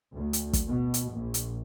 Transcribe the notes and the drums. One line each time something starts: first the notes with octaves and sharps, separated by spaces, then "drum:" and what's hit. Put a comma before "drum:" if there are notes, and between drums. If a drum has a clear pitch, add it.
D2
drum: hi-hat
drum: kick, hi-hat
B2
drum: hi-hat
A#1
drum: hi-hat